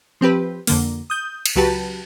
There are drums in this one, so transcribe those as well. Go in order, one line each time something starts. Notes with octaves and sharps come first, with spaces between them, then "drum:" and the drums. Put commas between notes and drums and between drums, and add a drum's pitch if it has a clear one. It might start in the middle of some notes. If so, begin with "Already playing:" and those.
F3 C4 G4 B4
F2 D3 A#3, drum: open hi-hat
D#6 G6
drum: cymbal
C#2 F#3 F#4 G4 B4 A5